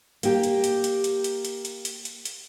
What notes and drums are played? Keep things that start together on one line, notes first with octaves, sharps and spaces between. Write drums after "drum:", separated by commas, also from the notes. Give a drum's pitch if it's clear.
A#3 G4, drum: hi-hat
drum: hi-hat
drum: hi-hat
drum: hi-hat
drum: hi-hat
drum: hi-hat
drum: hi-hat
drum: hi-hat
drum: hi-hat
drum: hi-hat
drum: hi-hat